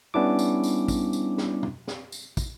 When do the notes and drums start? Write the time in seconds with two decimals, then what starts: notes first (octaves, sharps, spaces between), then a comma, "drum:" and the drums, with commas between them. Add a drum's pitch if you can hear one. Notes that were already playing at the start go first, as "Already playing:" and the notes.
0.14 G3 B3 C#4 D4 E4 D6
0.39 drum: tambourine
0.64 drum: tambourine
0.88 drum: kick, tambourine
1.13 drum: tambourine
1.38 drum: snare
1.63 drum: tom
1.88 drum: snare
2.12 drum: tambourine
2.37 drum: kick, tambourine